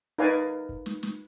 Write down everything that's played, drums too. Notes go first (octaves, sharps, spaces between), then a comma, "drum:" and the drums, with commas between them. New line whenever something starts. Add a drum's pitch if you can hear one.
D#4 A#4 B4 D5 F5 G#5
drum: kick
drum: snare
drum: snare